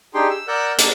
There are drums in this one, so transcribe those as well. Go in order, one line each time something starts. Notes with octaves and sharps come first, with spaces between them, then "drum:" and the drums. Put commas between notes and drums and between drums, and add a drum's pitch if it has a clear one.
D4 D#4 G4 G#4 G5 C6
E6
A#4 D5 F#5 E6 F#6 G6
A#3 A4 D5 E6, drum: hi-hat